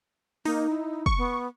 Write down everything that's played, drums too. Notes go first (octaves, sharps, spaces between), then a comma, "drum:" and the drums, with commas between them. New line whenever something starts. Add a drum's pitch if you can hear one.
A#3 D#4, drum: open hi-hat
E4
C#6, drum: kick
B3